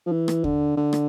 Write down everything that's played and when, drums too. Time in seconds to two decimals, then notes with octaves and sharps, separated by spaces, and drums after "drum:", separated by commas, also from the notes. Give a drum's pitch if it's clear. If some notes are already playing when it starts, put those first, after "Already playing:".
0.07 F3
0.12 E3
0.28 drum: rim click
0.44 D3, drum: kick
0.77 D3
0.93 drum: rim click